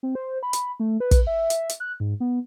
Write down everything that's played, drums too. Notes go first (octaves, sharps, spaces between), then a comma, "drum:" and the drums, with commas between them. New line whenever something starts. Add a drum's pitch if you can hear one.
C4
C5
B5
drum: hi-hat
A3
B4
drum: kick, hi-hat
E5
E5, drum: hi-hat
drum: hi-hat
F#6
G#2
B3